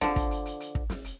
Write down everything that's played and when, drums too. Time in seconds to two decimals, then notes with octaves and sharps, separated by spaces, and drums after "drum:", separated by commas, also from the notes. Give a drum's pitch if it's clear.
0.01 D3 F3, drum: snare
0.16 drum: kick, hi-hat
0.31 drum: hi-hat
0.46 drum: hi-hat
0.60 drum: hi-hat
0.75 drum: kick
0.90 drum: snare
1.04 drum: hi-hat